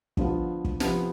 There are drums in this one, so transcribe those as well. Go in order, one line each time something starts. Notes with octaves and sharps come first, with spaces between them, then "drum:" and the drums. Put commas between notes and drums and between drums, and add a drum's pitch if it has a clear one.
D3 F3 B3 F4, drum: kick
drum: kick
C3 F3 B3, drum: snare